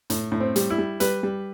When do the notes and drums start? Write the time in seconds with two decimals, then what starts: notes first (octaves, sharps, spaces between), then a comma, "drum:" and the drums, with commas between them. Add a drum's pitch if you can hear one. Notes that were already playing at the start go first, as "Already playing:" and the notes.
0.10 A2, drum: hi-hat
0.32 A2
0.40 C4
0.56 G3, drum: hi-hat
0.70 E4
0.78 G3
1.00 G3 B4, drum: hi-hat
1.23 G3